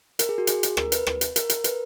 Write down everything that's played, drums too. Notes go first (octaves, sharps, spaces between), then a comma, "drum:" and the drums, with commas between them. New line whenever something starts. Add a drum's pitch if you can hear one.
A#4, drum: hi-hat
G#4
F#4
G#4, drum: hi-hat
drum: hi-hat
A#4, drum: rim click
B4, drum: hi-hat
drum: rim click
drum: hi-hat
A#4, drum: hi-hat
A#4, drum: hi-hat
B4, drum: hi-hat